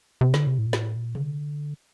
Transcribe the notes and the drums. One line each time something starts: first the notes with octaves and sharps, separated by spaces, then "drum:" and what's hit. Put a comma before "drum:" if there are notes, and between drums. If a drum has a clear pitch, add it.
C3
D3, drum: snare
C3
A2
A#2
A2, drum: snare
A#2
D3, drum: tom C3